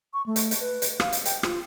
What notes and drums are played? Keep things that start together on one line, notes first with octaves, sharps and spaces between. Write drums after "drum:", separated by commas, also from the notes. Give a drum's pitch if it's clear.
C#6
A3
drum: hi-hat
drum: hi-hat
B4
drum: hi-hat
F5, drum: rim click
drum: hi-hat
G5, drum: hi-hat
F4, drum: rim click